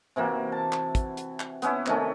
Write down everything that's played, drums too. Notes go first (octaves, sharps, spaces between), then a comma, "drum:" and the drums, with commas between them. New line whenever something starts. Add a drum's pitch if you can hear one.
C3 E3 A#3 F#4
A5
drum: clap
drum: kick, hi-hat
drum: hi-hat
drum: clap
B3 C#4 E4, drum: hi-hat
C3 D#3 A3 C#4, drum: clap